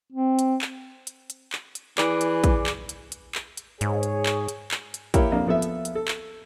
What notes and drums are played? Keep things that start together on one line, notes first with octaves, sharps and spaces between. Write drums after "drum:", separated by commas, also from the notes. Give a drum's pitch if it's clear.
C4
drum: hi-hat
drum: clap
drum: hi-hat
drum: hi-hat
drum: clap
drum: hi-hat
E3 G#4 D5, drum: clap
drum: hi-hat
drum: kick, hi-hat
drum: clap
drum: hi-hat
drum: hi-hat
drum: clap
drum: hi-hat
G#2 G#4 C#5, drum: hi-hat
drum: hi-hat
drum: clap
drum: hi-hat
drum: clap
drum: hi-hat
A#3 E4 G4 A#4 C#5 E5, drum: kick, hi-hat
F2 A#3 D4
F3 B3 A4 E5
drum: hi-hat
drum: hi-hat
A4
drum: clap